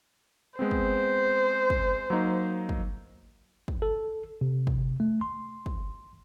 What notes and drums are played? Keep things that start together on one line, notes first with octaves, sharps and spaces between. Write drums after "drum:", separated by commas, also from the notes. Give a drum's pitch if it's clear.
G#3 B3 C4 C5
drum: kick
drum: kick
F#3 A#3 D#4
drum: kick
drum: kick
A4
C3
drum: kick
A3
C6
drum: kick